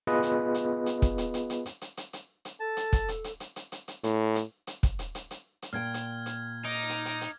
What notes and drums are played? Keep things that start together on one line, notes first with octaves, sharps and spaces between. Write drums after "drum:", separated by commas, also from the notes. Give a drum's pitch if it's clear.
B3 F4 G#4 B4 D#5
drum: hi-hat
drum: hi-hat
drum: hi-hat
drum: kick, hi-hat
drum: hi-hat
drum: hi-hat
drum: hi-hat
drum: hi-hat
drum: hi-hat
drum: hi-hat
drum: hi-hat
drum: hi-hat
A4 A5
drum: hi-hat
drum: kick, hi-hat
drum: hi-hat
drum: hi-hat
drum: hi-hat
drum: hi-hat
drum: hi-hat
drum: hi-hat
A2, drum: hi-hat
drum: hi-hat
drum: hi-hat
drum: kick, hi-hat
drum: hi-hat
drum: hi-hat
drum: hi-hat
drum: hi-hat
A#2 G5 F6 G#6
drum: hi-hat
drum: hi-hat
D#4 D6 A#6
drum: hi-hat
drum: hi-hat
drum: hi-hat